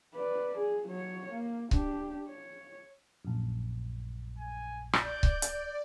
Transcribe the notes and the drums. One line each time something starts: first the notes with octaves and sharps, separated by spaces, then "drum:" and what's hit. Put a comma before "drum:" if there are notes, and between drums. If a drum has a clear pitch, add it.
B4 D5
G#4
F#3 C#5
A#3
D4 G4, drum: kick C#1
C#5
A#1 F#2
G#5
D5 G6, drum: rim click
drum: kick C#1
drum: hi-hat